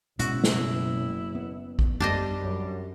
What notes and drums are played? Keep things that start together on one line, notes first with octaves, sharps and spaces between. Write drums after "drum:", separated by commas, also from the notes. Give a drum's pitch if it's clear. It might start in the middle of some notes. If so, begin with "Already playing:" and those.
F#1 B2 G#3 C#4 E4 F#4, drum: hi-hat
drum: snare
B3
drum: kick A#1
G3 D4 C5 D#5, drum: tom
F#2